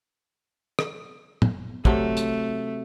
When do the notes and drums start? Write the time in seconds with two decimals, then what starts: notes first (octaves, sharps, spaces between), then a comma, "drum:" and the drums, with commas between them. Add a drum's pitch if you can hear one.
0.79 drum: rim click
1.42 drum: tom
1.85 C3 F#3 A3 A4, drum: kick
2.17 drum: hi-hat